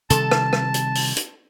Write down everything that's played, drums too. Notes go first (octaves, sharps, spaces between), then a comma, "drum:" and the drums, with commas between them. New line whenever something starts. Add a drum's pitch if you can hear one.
C3 D#3 G3 A4 A5, drum: hi-hat
drum: rim click
drum: rim click
drum: hi-hat
drum: open hi-hat
drum: hi-hat